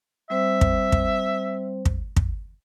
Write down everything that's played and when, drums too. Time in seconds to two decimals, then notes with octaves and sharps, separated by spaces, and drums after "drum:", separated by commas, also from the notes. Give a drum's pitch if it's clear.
0.30 G3 C4 C5 E5
0.61 drum: kick
0.92 drum: kick
1.85 drum: kick
2.16 drum: kick